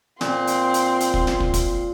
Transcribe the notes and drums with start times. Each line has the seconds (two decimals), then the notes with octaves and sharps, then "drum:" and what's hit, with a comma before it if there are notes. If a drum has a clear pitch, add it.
0.21 A#2 C4 C6, drum: snare
0.47 drum: hi-hat
0.74 drum: hi-hat
1.00 drum: hi-hat
1.14 drum: kick
1.27 drum: snare
1.40 drum: kick
1.54 drum: kick, hi-hat